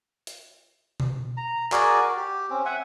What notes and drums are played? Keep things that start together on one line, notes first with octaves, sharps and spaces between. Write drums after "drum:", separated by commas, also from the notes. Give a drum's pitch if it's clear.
drum: hi-hat
drum: tom B2
A#5
F#4 G#4 A#4 D5, drum: clap
G4
C4 C#4
E5 F#5 G#5